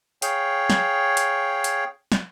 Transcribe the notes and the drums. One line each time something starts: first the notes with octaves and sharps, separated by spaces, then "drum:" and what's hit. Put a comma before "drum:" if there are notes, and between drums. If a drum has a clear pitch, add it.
G#4 C#5 F5 G5, drum: hi-hat
drum: snare
drum: hi-hat
drum: hi-hat
drum: snare